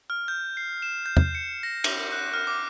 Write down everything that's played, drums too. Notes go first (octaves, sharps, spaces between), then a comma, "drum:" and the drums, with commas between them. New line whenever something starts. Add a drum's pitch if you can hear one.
F6
G6
C7
E7
G6
drum: tom
C#7
A#6
drum: cymbal
F#6
F6
D6